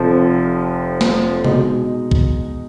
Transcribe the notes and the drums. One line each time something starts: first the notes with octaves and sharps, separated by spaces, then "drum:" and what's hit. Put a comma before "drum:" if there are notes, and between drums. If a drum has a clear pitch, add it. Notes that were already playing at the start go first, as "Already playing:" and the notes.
Already playing: F1 F2 F3
drum: snare
B2 G#3 D#4, drum: tom C3
drum: kick